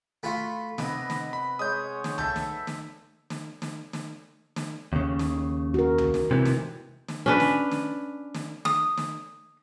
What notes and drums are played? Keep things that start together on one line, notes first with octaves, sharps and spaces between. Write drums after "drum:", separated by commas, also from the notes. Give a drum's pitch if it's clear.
A3 F4 F#4 B5 C6
C3 B3 B4 D#5, drum: snare
drum: snare
B5
G#3 C#5 D#6 G6
drum: snare
A4 E5 A5 G6, drum: tom C2
drum: snare
drum: snare
drum: snare
drum: snare
drum: snare
drum: snare
D#2 C#3
drum: snare
F#4 A#4
drum: tom C2
drum: snare
C3 E3 G#3
drum: snare
drum: snare
C#4 D4 B4
drum: snare
drum: snare
drum: snare
D#6, drum: snare
drum: snare